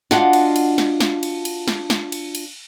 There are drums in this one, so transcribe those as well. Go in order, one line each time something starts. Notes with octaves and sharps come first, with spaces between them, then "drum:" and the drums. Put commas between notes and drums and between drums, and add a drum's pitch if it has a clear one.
D4 F4 F#4 D#5 F5 F#5, drum: snare
drum: cymbal
drum: cymbal
drum: snare
drum: snare
drum: cymbal
drum: cymbal
drum: snare
drum: snare
drum: cymbal
drum: cymbal